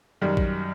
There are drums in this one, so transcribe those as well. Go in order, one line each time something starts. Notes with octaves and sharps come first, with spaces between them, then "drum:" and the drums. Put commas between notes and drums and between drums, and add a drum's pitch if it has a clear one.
F#2 D#3 G3
drum: kick A1